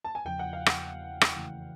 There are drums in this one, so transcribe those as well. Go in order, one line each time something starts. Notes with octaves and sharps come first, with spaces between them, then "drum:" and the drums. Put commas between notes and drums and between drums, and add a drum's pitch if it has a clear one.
A5
G#5
E2 C#3 F3 G5
F#5
F5
F#5, drum: rim click
drum: rim click
F2 C#3 E3 A3